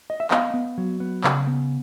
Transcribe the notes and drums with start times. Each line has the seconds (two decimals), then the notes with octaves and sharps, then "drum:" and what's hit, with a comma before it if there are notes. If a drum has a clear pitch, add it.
0.10 D#5
0.20 E5
0.31 B3 D#5 F5, drum: clap
0.54 B3
0.78 F#3
1.00 B3
1.24 C#3, drum: clap
1.47 B3